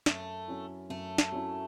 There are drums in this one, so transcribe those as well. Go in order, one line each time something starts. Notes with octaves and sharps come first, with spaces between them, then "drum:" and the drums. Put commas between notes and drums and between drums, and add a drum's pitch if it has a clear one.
F#2 A3, drum: snare
F#3 C#4 E4
F#2 A3
drum: snare
F#3 C#4 E4